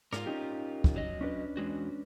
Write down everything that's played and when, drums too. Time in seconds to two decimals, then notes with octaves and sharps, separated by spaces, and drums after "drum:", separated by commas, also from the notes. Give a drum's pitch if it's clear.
0.13 G#2 F4 A#4, drum: rim click
0.26 C#4 D#4 G4
0.84 drum: kick
0.96 F#3 D#5
1.21 C#4 D4 B4
1.57 E2 G#3 F#4